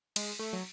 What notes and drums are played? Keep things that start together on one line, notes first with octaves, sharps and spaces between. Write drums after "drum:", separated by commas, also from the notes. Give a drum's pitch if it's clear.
G#3, drum: cymbal
A3
F#3